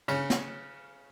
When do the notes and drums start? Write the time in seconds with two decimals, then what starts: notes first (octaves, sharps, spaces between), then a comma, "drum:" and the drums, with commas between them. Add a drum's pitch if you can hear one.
0.08 C#3, drum: cymbal
0.30 drum: snare